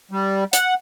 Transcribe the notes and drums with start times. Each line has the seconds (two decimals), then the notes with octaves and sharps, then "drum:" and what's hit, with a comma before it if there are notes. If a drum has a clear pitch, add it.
0.11 G3
0.53 F#5, drum: hi-hat